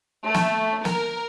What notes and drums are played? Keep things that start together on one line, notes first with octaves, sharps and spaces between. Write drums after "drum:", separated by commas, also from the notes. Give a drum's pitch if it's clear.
A3
drum: snare
A#4, drum: snare